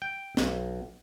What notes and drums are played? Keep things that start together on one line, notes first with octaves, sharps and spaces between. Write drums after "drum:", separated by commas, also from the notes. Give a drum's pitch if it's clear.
G5
B1, drum: snare